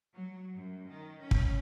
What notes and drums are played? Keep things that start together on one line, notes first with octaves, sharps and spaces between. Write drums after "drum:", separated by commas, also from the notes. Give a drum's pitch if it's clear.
F#3
F#2
D#3
C#4
drum: kick